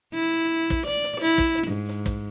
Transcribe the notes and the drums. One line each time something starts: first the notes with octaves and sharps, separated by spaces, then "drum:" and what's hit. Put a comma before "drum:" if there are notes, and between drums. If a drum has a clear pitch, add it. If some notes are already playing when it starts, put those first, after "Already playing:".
E4
drum: kick, hi-hat
D5, drum: hi-hat
drum: hi-hat
E4, drum: hi-hat
drum: kick, hi-hat
drum: hi-hat
G#2
drum: hi-hat
drum: kick, hi-hat